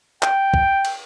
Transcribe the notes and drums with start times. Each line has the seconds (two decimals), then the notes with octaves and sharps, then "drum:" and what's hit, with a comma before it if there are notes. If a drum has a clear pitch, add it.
0.23 G5, drum: clap
0.54 drum: kick
0.85 drum: cymbal